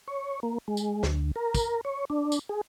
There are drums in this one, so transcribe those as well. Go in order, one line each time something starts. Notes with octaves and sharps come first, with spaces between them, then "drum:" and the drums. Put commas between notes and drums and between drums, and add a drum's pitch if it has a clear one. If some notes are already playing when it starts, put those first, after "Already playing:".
C#5
A#3
G#3
drum: tambourine
D2, drum: snare
A#4
drum: kick, tambourine
C#5
D4
drum: tambourine
G#4